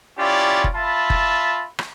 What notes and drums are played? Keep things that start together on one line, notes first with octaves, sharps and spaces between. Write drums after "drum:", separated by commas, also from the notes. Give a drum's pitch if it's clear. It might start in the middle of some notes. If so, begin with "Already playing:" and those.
C#4 E4 F4 G4 D5
drum: kick F#1
F4 E5 A5 B5
drum: kick F#1
drum: rim click